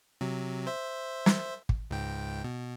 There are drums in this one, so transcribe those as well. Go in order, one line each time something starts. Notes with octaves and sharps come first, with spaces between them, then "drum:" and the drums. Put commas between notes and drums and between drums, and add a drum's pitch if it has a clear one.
C3 F#3
C5 E5
drum: snare
drum: kick
C#2 G#2 G5
B2